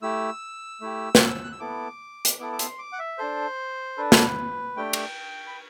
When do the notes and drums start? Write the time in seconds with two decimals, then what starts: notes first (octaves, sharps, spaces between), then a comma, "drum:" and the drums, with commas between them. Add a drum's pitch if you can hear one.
0.02 A3 E4 G4 E6
0.81 A3 E4 G4
1.15 drum: snare
1.44 F#6
1.52 E6
1.60 B3 E4 A4 D6
2.25 drum: hi-hat
2.40 B3 E4 A4 D6
2.53 D6
2.59 C6, drum: hi-hat
2.79 D6
2.92 F#5
2.99 E5
3.18 D4 A4 C5
3.97 D4 A4 B4
4.12 drum: snare
4.76 A3 D4 G4 G5
4.93 drum: cymbal
5.47 B5